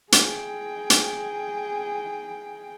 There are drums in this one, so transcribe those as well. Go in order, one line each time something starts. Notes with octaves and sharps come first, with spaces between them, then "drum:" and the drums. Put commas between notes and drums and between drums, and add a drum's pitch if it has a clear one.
G#4 G5, drum: hi-hat
drum: hi-hat